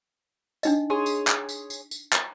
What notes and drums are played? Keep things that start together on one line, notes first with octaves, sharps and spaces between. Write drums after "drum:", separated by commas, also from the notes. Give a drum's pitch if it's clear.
D4 D#4 D#5, drum: tambourine
G#4 C#5 C6
drum: tambourine
drum: clap
drum: tambourine
drum: tambourine
drum: tambourine
drum: clap